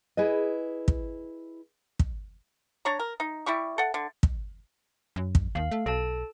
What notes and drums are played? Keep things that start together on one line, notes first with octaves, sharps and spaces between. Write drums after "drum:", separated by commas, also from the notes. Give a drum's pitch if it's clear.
E4 G#4 B4 D#5
drum: kick
drum: kick
D4 C#5 A#5
A#4
D#4
G3 E4 G4 C#6
A4 F#5
D3
drum: kick
F#2
drum: kick
D#2 F5
A3
B1 A4 A5